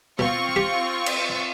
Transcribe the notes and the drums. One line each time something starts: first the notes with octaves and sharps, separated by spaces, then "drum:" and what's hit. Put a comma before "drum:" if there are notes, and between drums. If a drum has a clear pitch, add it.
B2 C4 F4 C#6
G4
drum: cymbal